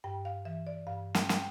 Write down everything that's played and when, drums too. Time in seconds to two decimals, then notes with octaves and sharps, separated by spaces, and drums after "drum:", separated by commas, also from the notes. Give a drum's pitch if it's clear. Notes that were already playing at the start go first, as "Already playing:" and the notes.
0.04 G2 G5
0.25 F5
0.45 E3 E5
0.67 D5
0.87 G2 F5
1.15 G5, drum: snare
1.29 G3 G5, drum: snare